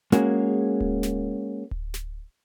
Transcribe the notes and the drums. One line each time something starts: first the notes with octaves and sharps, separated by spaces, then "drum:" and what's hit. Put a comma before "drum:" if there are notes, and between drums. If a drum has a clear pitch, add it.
G#3 A#3 C#4 F#4 G#4, drum: snare
drum: kick D1
drum: snare
drum: kick D1
drum: snare